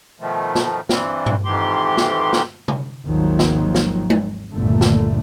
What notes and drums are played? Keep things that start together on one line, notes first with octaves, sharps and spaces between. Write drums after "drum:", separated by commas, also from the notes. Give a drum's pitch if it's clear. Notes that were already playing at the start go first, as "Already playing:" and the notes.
B2 D#3 F3 A3
drum: snare
G2 E3 G3 C4, drum: snare
drum: tom G2
F2 G#2 D#3 E3 G4 C6
drum: snare
drum: snare
drum: tom C3
G#1 D#2 G#2 D#3 F3 F#3
drum: snare
drum: snare
drum: tom G#3
G1 D#2 A#2 D3 A3
drum: snare